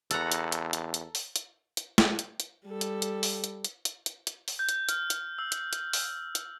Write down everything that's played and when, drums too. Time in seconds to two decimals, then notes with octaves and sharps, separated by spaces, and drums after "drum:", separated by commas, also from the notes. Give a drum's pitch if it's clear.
0.11 E2 A4 F#5 A#5, drum: hi-hat
0.32 drum: hi-hat
0.52 drum: hi-hat
0.73 drum: hi-hat
0.94 drum: hi-hat
1.15 drum: open hi-hat
1.36 drum: hi-hat
1.77 drum: hi-hat
1.98 drum: snare
2.19 drum: hi-hat
2.40 drum: hi-hat
2.66 G3 A4
2.81 drum: hi-hat
3.02 drum: hi-hat
3.23 drum: open hi-hat
3.44 drum: hi-hat
3.65 drum: hi-hat
3.85 drum: hi-hat
4.06 drum: hi-hat
4.27 drum: hi-hat
4.48 drum: open hi-hat
4.59 G6
4.69 drum: hi-hat
4.89 F6, drum: hi-hat
5.10 drum: hi-hat
5.39 E6
5.52 drum: hi-hat
5.73 drum: hi-hat
5.93 drum: open hi-hat
6.35 drum: hi-hat